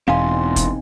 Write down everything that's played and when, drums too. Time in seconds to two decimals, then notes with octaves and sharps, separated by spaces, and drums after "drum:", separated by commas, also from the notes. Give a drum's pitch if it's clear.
0.08 E1 C4 D#4 F5 G#5 C6
0.56 drum: kick, hi-hat